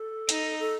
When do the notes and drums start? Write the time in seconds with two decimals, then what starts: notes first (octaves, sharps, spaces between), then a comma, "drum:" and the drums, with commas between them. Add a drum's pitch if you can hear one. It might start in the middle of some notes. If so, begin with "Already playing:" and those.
Already playing: A4
0.29 D#4, drum: hi-hat
0.59 A4